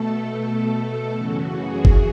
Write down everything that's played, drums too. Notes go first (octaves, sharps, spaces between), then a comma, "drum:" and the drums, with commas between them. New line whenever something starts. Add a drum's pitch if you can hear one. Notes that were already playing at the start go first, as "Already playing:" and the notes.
Already playing: B2 A3 A4
F#2 C#3 E3 F#4
G#4
drum: kick G1